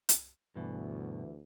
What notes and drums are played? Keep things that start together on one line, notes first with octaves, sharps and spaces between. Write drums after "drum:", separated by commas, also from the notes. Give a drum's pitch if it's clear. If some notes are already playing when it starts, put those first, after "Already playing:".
drum: hi-hat
D2 G2 B2 E3